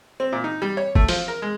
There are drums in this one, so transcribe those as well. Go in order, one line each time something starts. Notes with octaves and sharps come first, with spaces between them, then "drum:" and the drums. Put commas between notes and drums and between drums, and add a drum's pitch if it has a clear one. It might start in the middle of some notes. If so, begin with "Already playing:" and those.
C4
A#2
D#4
G3
C#5
A3, drum: kick F#1
F3, drum: open hi-hat
A#4
G#3